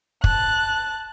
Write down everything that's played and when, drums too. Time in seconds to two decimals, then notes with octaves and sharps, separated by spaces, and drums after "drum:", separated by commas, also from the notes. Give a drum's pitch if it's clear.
0.24 A5 F#6, drum: kick